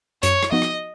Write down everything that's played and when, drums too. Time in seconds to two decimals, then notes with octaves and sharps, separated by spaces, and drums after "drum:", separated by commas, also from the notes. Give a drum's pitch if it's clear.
0.23 F#2 C#5, drum: hi-hat
0.43 drum: rim click
0.52 F3 B3 D#4 F#4 D#5
0.62 drum: rim click